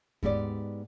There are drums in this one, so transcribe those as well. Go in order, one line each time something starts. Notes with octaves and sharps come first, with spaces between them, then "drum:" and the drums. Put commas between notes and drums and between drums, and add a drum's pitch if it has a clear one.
G#2 B3 G4 D5, drum: kick D#2